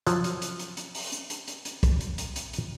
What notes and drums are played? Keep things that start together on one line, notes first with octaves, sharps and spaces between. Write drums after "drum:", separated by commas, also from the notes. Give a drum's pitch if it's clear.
F3 F#3, drum: hi-hat
drum: hi-hat
drum: hi-hat
drum: hi-hat
drum: hi-hat
drum: open hi-hat
drum: hi-hat
drum: hi-hat
drum: hi-hat
drum: hi-hat
drum: kick, hi-hat
drum: hi-hat
drum: hi-hat
drum: hi-hat
drum: hi-hat